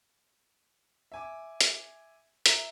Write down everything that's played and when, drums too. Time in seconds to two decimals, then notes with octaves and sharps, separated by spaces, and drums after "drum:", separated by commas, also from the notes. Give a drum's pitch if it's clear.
1.12 E5 G#5 D6
1.61 drum: hi-hat
2.46 E5 A#5, drum: hi-hat